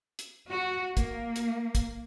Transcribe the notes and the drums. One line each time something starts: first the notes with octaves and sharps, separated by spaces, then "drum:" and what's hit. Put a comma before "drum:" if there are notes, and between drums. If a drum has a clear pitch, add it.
drum: hi-hat
F#4
A#3, drum: kick, hi-hat
drum: hi-hat
drum: kick, hi-hat